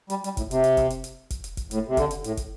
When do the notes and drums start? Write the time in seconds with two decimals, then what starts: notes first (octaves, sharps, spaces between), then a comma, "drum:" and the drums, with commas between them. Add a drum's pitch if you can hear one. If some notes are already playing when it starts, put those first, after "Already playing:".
0.10 G3, drum: hi-hat
0.24 G3, drum: hi-hat
0.37 A2, drum: kick, hi-hat
0.51 C3, drum: hi-hat
0.64 drum: hi-hat
0.77 drum: kick, hi-hat
0.90 drum: hi-hat
1.04 drum: hi-hat
1.30 drum: kick, hi-hat
1.44 drum: hi-hat
1.57 drum: kick, hi-hat
1.71 A2, drum: hi-hat
1.88 C3
1.97 D3, drum: kick, hi-hat
2.11 drum: hi-hat
2.24 A2, drum: hi-hat
2.37 drum: kick, hi-hat